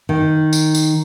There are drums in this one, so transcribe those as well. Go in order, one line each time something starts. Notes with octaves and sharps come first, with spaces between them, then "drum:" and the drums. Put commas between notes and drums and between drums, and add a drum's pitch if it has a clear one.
D#3
drum: tambourine
drum: tambourine